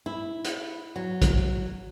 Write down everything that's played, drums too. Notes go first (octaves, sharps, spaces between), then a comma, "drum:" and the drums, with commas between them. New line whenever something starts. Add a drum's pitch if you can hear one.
E4
drum: hi-hat
F#3
drum: kick, hi-hat